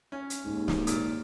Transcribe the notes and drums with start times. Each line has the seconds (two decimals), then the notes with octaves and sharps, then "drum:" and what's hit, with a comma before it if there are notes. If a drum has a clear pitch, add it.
0.12 C#4
0.30 drum: hi-hat
0.45 D#2 G#2
0.68 drum: snare
0.87 A#2, drum: hi-hat